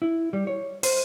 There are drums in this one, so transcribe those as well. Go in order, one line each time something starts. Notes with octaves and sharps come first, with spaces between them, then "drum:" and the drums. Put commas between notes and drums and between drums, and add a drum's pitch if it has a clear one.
E4
G3
C#5
C5, drum: open hi-hat